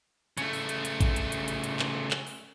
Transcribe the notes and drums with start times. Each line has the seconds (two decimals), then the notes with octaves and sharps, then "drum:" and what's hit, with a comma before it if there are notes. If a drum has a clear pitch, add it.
0.37 C#3 A3, drum: hi-hat
0.53 drum: open hi-hat
0.69 drum: hi-hat
0.85 drum: hi-hat
1.01 drum: kick A1, hi-hat
1.16 drum: hi-hat
1.32 drum: hi-hat
1.48 drum: hi-hat
1.64 drum: hi-hat
1.79 drum: clap
2.11 drum: clap
2.27 drum: open hi-hat